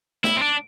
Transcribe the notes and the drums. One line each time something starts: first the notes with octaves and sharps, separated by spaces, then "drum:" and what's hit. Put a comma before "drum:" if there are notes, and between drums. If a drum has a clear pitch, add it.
E4, drum: snare
C4
D4